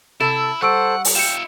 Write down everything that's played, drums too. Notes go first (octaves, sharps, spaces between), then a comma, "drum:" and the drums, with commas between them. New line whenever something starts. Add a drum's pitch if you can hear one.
C3 E4 A4 E7
G3 A4 C5 F#5 C#6 E6 D7
drum: open hi-hat
F4 E5 G5 C#7 E7